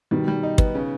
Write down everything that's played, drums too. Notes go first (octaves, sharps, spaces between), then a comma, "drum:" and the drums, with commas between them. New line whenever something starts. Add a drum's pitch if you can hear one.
B2 D#3 G3
G3
D#4
B3, drum: kick
C#3